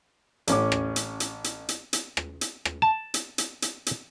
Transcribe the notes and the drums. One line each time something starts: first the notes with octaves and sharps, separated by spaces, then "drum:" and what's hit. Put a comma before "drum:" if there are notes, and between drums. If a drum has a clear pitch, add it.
A1 C#4 D6, drum: hi-hat
drum: rim click
drum: hi-hat
drum: hi-hat
drum: hi-hat
drum: hi-hat
drum: hi-hat
drum: rim click
drum: hi-hat
drum: rim click
A5
drum: hi-hat
drum: hi-hat
drum: hi-hat
drum: hi-hat